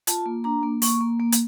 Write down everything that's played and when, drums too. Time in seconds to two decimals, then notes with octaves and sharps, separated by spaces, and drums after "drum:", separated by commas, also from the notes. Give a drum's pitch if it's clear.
0.07 F4 A5, drum: hi-hat
0.26 A#3
0.44 D4 A#5
0.63 A#3
0.82 A#3 C#6, drum: open hi-hat
1.01 A#3
1.20 A#3
1.32 drum: hi-hat